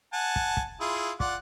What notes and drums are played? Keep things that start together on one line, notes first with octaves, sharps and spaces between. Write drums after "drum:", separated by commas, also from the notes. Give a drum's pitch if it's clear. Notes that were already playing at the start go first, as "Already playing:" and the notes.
F#5 G#5 A5
drum: kick
drum: kick
E4 F4 G#4
F4 D5 F#5, drum: kick